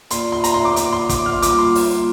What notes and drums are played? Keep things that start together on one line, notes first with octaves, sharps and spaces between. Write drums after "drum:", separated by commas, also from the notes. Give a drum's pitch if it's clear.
A#3 F4 D5 C6, drum: hi-hat
C6
A#5, drum: hi-hat
C6
D6
D6, drum: hi-hat
C6
D6, drum: kick, hi-hat
F6
G3 A#3 F4 D6, drum: hi-hat
C6
drum: open hi-hat